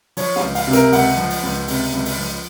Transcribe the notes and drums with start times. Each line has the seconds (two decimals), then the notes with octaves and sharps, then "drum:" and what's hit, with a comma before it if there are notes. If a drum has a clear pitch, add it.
0.17 F3 C#5, drum: open hi-hat
0.36 F5, drum: snare
0.42 C#2
0.55 F5, drum: open hi-hat
0.67 C3
0.73 A#4, drum: hi-hat
0.92 C#2 F#5, drum: open hi-hat
1.17 F3
1.30 drum: open hi-hat
1.43 C#2
1.68 C3, drum: open hi-hat
1.94 C#2
2.06 drum: open hi-hat
2.18 F3